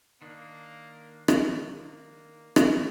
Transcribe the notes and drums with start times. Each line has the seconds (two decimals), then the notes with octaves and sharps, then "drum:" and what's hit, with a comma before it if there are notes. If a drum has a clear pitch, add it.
0.22 D#3 A#3 D4
1.28 drum: rim click
1.58 A#3
2.56 drum: rim click